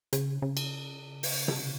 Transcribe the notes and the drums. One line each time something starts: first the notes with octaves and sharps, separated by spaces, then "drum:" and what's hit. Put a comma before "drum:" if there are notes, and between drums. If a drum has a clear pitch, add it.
C#3, drum: hi-hat
C#3
drum: cymbal
drum: open hi-hat
drum: tom C3